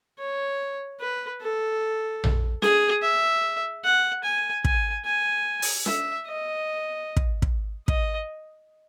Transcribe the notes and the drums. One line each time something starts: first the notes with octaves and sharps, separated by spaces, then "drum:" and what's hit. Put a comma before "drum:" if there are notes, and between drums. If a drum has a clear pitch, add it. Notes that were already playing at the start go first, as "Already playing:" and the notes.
C#5
B4
A4
drum: tom A#1
G#4, drum: snare
E5
F#5
G#5
G#5, drum: kick
G#5
drum: open hi-hat
E5, drum: snare
D#5
drum: kick
drum: kick
D#5, drum: kick